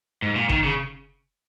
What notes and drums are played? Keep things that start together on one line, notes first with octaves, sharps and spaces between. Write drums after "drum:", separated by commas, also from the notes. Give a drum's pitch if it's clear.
G#2
A#2
D#3, drum: kick
C#3